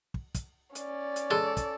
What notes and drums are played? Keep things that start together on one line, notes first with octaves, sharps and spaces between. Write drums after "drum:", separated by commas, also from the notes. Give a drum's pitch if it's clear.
drum: kick
drum: kick, hi-hat
C#4 D5, drum: hi-hat
drum: hi-hat
G#3 A4
drum: kick, hi-hat